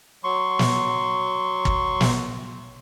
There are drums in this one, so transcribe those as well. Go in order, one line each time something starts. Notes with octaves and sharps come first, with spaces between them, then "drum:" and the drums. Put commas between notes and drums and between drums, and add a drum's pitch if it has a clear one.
F#3 C6 C#6
drum: snare
drum: kick
drum: snare